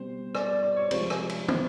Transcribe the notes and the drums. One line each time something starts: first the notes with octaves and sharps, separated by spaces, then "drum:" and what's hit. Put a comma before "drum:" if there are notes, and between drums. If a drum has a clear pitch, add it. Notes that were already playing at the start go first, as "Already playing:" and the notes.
Already playing: B2 G3 C4 C5
D5, drum: rim click
D5
D5
C#5
C3 F3 G#3 C5, drum: cymbal
drum: rim click
drum: cymbal
C5, drum: tom